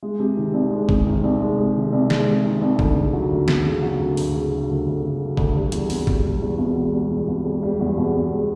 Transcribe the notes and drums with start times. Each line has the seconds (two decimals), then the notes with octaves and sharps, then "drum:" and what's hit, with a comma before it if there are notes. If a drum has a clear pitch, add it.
0.03 G#3
0.19 C3
0.37 D#3
0.54 C2
0.71 G#3
0.89 C3, drum: kick G#1
1.07 D#3
1.24 C2
1.41 G#3
1.58 C3
1.76 D#3
1.93 C2
2.10 G#3, drum: snare
2.26 C3
2.44 D#3
2.61 C2
2.79 D2, drum: kick G#1
2.96 C#3
3.13 F#3
3.31 D2
3.48 D2, drum: snare
3.65 C#3
3.82 F#3
3.99 D2
4.17 D2, drum: open hi-hat
4.34 C#3
4.51 F#3
4.69 D2
4.86 D2
5.03 C#3
5.21 F#3
5.37 D2, drum: kick G#1
5.56 G3
5.72 E2, drum: hi-hat
5.90 B2, drum: open hi-hat
6.07 E1, drum: kick G#1
6.24 G3
6.41 E2
6.59 B2
6.77 E1
6.94 G3
7.11 E2
7.28 B2
7.45 E1
7.63 G3
7.80 E2
7.98 B2
8.15 E1